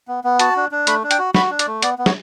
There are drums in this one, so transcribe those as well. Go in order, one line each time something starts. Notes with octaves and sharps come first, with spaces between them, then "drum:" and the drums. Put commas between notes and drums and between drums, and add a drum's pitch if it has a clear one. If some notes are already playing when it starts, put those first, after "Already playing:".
B3
B3
F#4 A5, drum: hi-hat
D4
D4
A3 B5, drum: hi-hat
D4
G5, drum: hi-hat
F#4
F#4 B5, drum: snare
D4
D5, drum: hi-hat
A3
B3 D5, drum: hi-hat
B3
C#5, drum: snare